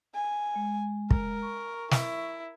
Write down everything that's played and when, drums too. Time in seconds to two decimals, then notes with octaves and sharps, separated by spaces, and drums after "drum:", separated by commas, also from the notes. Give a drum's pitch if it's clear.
0.14 G#5
0.56 G#3
1.11 A#4, drum: kick
1.42 C#6
1.91 E4, drum: snare